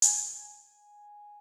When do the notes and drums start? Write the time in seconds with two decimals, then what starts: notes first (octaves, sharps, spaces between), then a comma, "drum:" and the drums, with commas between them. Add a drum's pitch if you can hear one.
0.02 G#5, drum: hi-hat